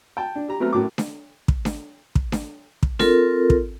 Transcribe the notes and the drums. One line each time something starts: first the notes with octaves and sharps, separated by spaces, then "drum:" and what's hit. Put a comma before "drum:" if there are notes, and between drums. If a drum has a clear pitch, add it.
G5 A5
D4
G4 A#5
F#3 A3 B3 C4 A#5 F6
F#2 A2 F#3 A#4 D6
drum: snare D4
drum: kick
drum: snare D4
drum: kick
drum: snare D4
drum: kick
C4 F4 A4 A#4, drum: snare D4
drum: kick